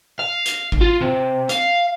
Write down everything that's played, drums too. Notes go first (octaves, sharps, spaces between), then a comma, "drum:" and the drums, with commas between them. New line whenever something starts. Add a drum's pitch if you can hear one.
F5
drum: hi-hat
drum: kick G#1
F4
C3
F5, drum: hi-hat